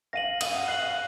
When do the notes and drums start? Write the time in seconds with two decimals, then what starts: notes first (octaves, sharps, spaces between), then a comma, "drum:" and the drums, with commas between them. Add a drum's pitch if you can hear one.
0.13 F5 A#6 D#7 F#7
0.41 F5 D#6, drum: cymbal
0.54 F#5
0.68 F5 F#6 C7 F#7
0.82 F5